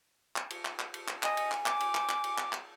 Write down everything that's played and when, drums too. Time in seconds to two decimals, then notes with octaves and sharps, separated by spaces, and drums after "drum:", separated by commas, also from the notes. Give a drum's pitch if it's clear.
0.36 drum: clap
0.50 drum: cymbal
0.65 drum: clap
0.79 drum: clap
0.94 drum: cymbal
1.08 drum: clap
1.23 D#5 G#5, drum: clap
1.37 drum: cymbal
1.52 drum: clap
1.66 D6, drum: clap
1.80 drum: cymbal
1.95 drum: clap
2.09 drum: clap
2.24 drum: cymbal
2.38 drum: clap
2.53 drum: clap